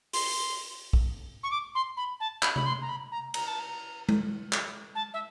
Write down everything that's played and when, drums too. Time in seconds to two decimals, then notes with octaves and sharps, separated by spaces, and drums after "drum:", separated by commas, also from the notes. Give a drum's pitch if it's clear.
0.13 C6, drum: open hi-hat
0.93 drum: kick
1.43 C#6
1.51 D6
1.75 C6
1.97 B5
2.20 A5
2.43 B5, drum: clap
2.56 B5, drum: tom C3
2.66 C6
2.81 A#5
2.89 B5
3.12 A#5
3.34 A#5, drum: cymbal
3.47 A5
3.59 A#5
4.09 drum: tom G#3
4.53 drum: clap
4.95 A5
5.14 E5